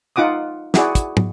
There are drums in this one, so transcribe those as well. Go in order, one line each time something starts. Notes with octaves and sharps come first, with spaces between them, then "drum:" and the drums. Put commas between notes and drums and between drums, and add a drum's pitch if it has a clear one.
D#4 F4 F#5 D6 D#6
E4 F#4 G#4 D5, drum: snare
drum: kick, hi-hat
drum: tom